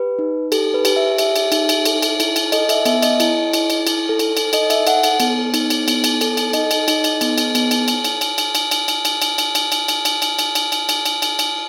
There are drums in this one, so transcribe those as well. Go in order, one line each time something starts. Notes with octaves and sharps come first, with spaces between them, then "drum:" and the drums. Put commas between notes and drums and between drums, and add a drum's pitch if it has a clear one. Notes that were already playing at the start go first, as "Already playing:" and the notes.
Already playing: G4 B4
D#4
G4 A4, drum: cymbal
B4
G4, drum: cymbal
E5
G4 E5, drum: cymbal
drum: cymbal
D#4, drum: cymbal
drum: cymbal
A4, drum: cymbal
drum: cymbal
E4, drum: cymbal
drum: cymbal
A4 D#5, drum: cymbal
E5, drum: cymbal
B3 E5, drum: cymbal
D#5, drum: cymbal
E4, drum: cymbal
E4, drum: cymbal
drum: cymbal
E4, drum: cymbal
A4
A4, drum: cymbal
drum: cymbal
A4 D#5, drum: cymbal
E5, drum: cymbal
A4 F#5, drum: cymbal
drum: cymbal
B3, drum: cymbal
D#4, drum: cymbal
drum: cymbal
B3, drum: cymbal
drum: cymbal
A4, drum: cymbal
drum: cymbal
D#4 D#5, drum: cymbal
drum: cymbal
D#4, drum: cymbal
drum: cymbal
B3, drum: cymbal
drum: cymbal
B3, drum: cymbal
drum: cymbal
drum: cymbal
drum: cymbal
drum: cymbal
drum: cymbal
drum: cymbal
drum: cymbal
drum: cymbal
drum: cymbal
drum: cymbal
drum: cymbal
drum: cymbal
drum: cymbal
drum: cymbal
drum: cymbal
drum: cymbal
drum: cymbal
drum: cymbal
drum: cymbal
drum: cymbal
drum: cymbal
drum: cymbal
drum: cymbal